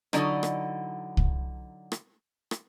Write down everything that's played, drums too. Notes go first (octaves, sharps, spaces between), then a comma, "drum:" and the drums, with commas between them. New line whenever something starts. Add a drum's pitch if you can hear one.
D3 F#3 D#4 E4 D5 D#5, drum: rim click
drum: rim click
drum: kick C2
drum: rim click
drum: rim click